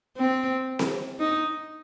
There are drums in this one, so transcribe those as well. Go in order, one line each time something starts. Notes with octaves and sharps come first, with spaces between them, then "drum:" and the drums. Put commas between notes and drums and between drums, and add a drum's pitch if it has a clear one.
C4
drum: snare C4
D#4